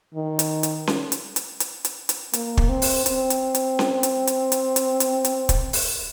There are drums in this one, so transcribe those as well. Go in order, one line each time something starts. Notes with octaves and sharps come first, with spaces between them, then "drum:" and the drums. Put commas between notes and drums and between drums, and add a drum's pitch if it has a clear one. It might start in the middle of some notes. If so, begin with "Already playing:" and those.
D#3
drum: hi-hat
drum: hi-hat
drum: snare C#4
drum: hi-hat
drum: hi-hat
drum: hi-hat
drum: hi-hat
drum: hi-hat
A#3, drum: hi-hat
drum: kick
C4
drum: open hi-hat
C4, drum: hi-hat
drum: hi-hat
drum: hi-hat
drum: snare C#4
drum: hi-hat
drum: hi-hat
drum: hi-hat
drum: hi-hat
drum: hi-hat
drum: hi-hat
drum: kick, hi-hat
drum: open hi-hat